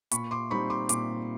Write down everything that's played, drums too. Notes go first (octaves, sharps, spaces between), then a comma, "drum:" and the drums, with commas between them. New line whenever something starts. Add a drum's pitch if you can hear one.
A#2 B5 C#6, drum: hi-hat
C6 D6
G3 C4 D#4 B5 C#6
C6 D6
A#2 C6 D6, drum: hi-hat